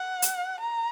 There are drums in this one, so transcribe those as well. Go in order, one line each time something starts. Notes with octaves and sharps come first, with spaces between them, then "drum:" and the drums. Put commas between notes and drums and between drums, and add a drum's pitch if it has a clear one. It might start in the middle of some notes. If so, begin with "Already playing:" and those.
Already playing: F#5
drum: hi-hat
A#5